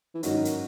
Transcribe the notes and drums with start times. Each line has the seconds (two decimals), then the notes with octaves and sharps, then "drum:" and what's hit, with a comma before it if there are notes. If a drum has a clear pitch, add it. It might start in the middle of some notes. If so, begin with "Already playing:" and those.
0.14 E3
0.23 G#2 D#3 F#3 C#4 F#4 A#4, drum: hi-hat
0.45 drum: hi-hat